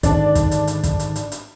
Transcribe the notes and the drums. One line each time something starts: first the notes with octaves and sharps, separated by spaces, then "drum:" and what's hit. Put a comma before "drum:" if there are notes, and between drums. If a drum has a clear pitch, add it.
G#2 D3 D#3 D4 D5, drum: kick, hi-hat
drum: kick, hi-hat
drum: hi-hat
drum: hi-hat
drum: kick, hi-hat
drum: hi-hat
drum: hi-hat
drum: hi-hat